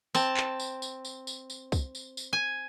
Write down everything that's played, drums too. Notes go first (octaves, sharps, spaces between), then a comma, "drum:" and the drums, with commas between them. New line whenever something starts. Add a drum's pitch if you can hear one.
C4 A5, drum: tambourine
drum: clap
drum: tambourine
drum: tambourine
drum: tambourine
drum: tambourine
drum: tambourine
drum: kick, tambourine
drum: tambourine
drum: tambourine
G#5